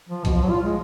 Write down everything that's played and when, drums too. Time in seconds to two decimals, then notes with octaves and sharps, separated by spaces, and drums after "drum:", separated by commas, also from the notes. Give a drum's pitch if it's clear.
0.09 F3
0.25 B2, drum: kick, hi-hat
0.34 F3
0.42 F#3
0.50 F4
0.65 G#3